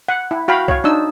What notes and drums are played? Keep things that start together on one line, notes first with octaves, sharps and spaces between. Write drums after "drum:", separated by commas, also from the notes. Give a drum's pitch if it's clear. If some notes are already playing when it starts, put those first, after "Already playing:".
F#5
E4
F#4 F5 G5 B5
C#5 F5, drum: kick C2
D4 D#4 E6